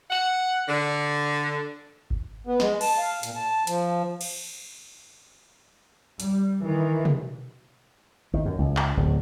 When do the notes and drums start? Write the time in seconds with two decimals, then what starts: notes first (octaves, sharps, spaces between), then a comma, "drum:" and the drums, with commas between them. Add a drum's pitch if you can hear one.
0.10 F#5
0.68 D3
2.10 drum: kick G1
2.47 B3
2.60 G#3, drum: snare
2.81 A5, drum: cymbal
2.98 F5
3.23 A#2, drum: hi-hat
3.36 A5
3.67 F3, drum: hi-hat
4.21 drum: cymbal
6.20 G3, drum: hi-hat
6.64 D#3 E3
7.05 drum: tom
8.34 D#3, drum: kick G1
8.45 F#2
8.59 C#2
8.77 drum: clap
8.97 D1, drum: kick G1